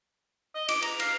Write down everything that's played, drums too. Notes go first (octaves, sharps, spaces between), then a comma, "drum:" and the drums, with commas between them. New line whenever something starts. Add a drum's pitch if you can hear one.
D#5
D6, drum: cymbal
A#5, drum: cymbal
F5, drum: cymbal